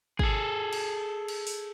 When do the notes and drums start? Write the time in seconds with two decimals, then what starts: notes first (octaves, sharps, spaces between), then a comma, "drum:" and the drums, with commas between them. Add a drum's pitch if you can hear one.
0.19 G#4 A4, drum: kick
0.73 drum: cymbal
1.28 drum: cymbal
1.47 drum: open hi-hat